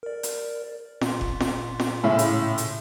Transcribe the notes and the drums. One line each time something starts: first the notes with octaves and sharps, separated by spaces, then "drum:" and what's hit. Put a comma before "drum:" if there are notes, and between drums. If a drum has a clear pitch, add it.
A#4 D5
drum: hi-hat
A#2 C6, drum: snare
drum: kick F#1
drum: snare
drum: snare
A2 C#3 E4
drum: hi-hat
drum: hi-hat